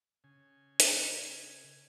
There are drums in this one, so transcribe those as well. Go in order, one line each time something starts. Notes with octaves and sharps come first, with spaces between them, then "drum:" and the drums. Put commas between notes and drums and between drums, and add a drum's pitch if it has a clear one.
C#3 G#5
drum: hi-hat